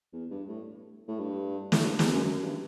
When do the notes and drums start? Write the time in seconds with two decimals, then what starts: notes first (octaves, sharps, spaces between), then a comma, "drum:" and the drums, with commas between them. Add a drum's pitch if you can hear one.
0.13 E2
0.30 G2
0.48 A2
1.08 A2
1.19 G2
1.72 A2, drum: snare
1.85 G2
1.99 E2, drum: snare
2.12 F#2
2.24 F#2
2.42 G2